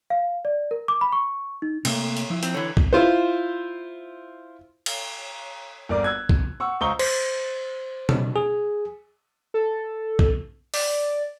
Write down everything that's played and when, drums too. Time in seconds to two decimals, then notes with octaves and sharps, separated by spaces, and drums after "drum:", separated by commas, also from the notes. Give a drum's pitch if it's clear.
0.10 F5
0.45 D5
0.71 A#4
0.88 D6
1.01 B5
1.12 C#6
1.62 D#4
1.85 C3 A3 A#3, drum: cymbal
2.17 drum: hi-hat
2.30 F3 E4
2.43 C4, drum: hi-hat
2.54 D3 E3 C#5
2.77 drum: kick
2.93 E4 F4 C5
4.86 drum: cymbal
5.89 G1 A#4 D5 D6
6.04 E6 F#6 G#6
6.29 drum: kick
6.60 F#5 C#6 E6
6.81 C#2 C5 A#5 C#6 G7
6.99 C5, drum: cymbal
8.09 drum: tom B2
8.36 G#4
9.54 A4
10.19 drum: kick
10.74 D5, drum: open hi-hat